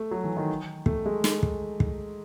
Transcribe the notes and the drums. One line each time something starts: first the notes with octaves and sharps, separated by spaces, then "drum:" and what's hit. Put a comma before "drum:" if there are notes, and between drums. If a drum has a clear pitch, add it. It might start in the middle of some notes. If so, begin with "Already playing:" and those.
Already playing: A3
F#3
E3
D#3
A3, drum: kick
G#3
drum: snare
drum: kick
drum: kick